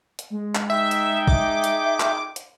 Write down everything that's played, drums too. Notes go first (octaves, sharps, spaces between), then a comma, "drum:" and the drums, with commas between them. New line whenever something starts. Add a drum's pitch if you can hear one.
drum: hi-hat
G#3
drum: clap
D#4 G#4 E5 G5
drum: hi-hat
E5 D6, drum: kick
drum: hi-hat
drum: clap
drum: hi-hat